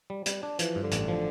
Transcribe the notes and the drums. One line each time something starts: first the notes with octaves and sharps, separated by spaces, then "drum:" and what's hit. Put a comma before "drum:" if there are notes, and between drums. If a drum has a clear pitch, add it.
G3
G3, drum: hi-hat
D4
E3 F3, drum: hi-hat
G2
D3
A1, drum: hi-hat
F3